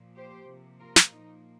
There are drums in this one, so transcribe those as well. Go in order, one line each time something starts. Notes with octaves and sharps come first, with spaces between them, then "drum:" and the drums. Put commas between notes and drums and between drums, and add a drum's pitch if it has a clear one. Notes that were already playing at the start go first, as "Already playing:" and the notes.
Already playing: A#2 F3 A#3
G4 C5
C3 F3 A#3
F4 A#4
drum: snare
A#2 F3 A#3 D#4